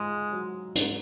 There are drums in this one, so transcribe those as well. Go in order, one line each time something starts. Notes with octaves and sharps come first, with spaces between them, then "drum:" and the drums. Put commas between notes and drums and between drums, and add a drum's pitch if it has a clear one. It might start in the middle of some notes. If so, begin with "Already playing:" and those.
Already playing: G#2 G#3 F4
F#3
G#2, drum: hi-hat